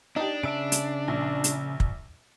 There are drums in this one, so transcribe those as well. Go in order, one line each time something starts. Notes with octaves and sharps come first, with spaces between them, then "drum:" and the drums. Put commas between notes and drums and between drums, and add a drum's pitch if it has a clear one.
D4 D#4 G4
C#3 E5 A5 D7
drum: hi-hat
A#1
drum: hi-hat
drum: kick